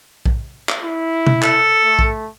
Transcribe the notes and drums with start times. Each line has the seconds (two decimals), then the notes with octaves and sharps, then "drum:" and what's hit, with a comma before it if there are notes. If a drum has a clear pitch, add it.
0.26 drum: kick A#1
0.69 drum: clap
0.83 E4
1.27 drum: tom
1.42 A4, drum: clap
1.84 A3
1.99 drum: kick A#1